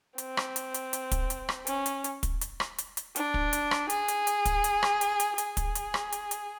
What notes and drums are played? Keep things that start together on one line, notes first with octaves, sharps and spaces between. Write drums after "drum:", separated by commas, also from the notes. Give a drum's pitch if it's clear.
C4, drum: hi-hat
drum: rim click
drum: hi-hat
drum: hi-hat
drum: hi-hat
drum: kick, hi-hat
drum: hi-hat
drum: rim click
C#4, drum: hi-hat
drum: hi-hat
drum: hi-hat
drum: kick, hi-hat
drum: hi-hat
drum: rim click
drum: hi-hat
drum: hi-hat
D4, drum: hi-hat
drum: kick
drum: hi-hat
drum: rim click
G#4, drum: hi-hat
drum: hi-hat
drum: hi-hat
drum: kick, hi-hat
drum: hi-hat
drum: rim click
drum: hi-hat
drum: hi-hat
G#4, drum: hi-hat
drum: kick, hi-hat
drum: hi-hat
drum: rim click
drum: hi-hat
drum: hi-hat